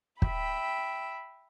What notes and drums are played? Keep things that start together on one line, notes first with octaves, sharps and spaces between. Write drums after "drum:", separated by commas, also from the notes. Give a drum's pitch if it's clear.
E5 G5 B5, drum: kick